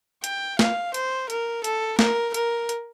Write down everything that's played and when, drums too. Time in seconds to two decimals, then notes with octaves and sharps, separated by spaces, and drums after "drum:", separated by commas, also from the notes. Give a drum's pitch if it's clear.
0.24 G5, drum: hi-hat
0.59 F5, drum: snare
0.94 C5, drum: hi-hat
1.30 A#4, drum: hi-hat
1.64 A4, drum: hi-hat
1.99 A#4, drum: snare
2.34 A#4, drum: hi-hat
2.69 drum: hi-hat